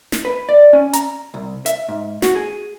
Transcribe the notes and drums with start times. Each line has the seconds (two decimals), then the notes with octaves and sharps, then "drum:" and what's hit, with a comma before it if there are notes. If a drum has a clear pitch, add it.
0.12 drum: snare
0.25 B4
0.49 D5
0.73 C#4
0.93 A#5, drum: hi-hat
1.34 C2
1.66 E5, drum: hi-hat
1.89 G#2
2.22 F#4, drum: snare
2.35 G#4